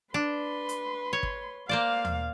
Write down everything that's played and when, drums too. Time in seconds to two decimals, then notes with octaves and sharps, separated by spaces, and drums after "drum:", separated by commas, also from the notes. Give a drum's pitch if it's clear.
0.14 D4 B4 C6
0.69 drum: hi-hat
1.13 C#5
1.23 drum: kick
1.69 A#3 C5 D5 F5
2.05 drum: tom D#2